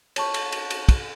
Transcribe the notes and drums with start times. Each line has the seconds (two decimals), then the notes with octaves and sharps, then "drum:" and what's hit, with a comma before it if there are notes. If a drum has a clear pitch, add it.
0.16 C#5 A5 C#6, drum: cymbal
0.34 drum: cymbal
0.52 drum: cymbal
0.70 drum: cymbal
0.89 drum: kick, cymbal